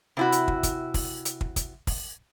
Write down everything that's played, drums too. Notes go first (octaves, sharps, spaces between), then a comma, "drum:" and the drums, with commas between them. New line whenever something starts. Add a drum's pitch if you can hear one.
C3 E4 F#4
drum: hi-hat
drum: kick
drum: kick, hi-hat
drum: kick, open hi-hat
drum: hi-hat
drum: kick
drum: kick, hi-hat
drum: kick, open hi-hat